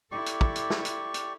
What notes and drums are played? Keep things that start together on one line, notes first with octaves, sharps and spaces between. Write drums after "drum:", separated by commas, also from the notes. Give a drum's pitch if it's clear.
E4 G4 A4 D5 C#6
drum: hi-hat
drum: kick
drum: hi-hat
drum: snare
drum: hi-hat
drum: hi-hat